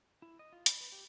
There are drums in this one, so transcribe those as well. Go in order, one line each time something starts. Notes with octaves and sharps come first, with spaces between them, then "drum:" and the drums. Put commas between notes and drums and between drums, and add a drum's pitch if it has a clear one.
E4
D#5
F4
B5, drum: hi-hat
B4
G4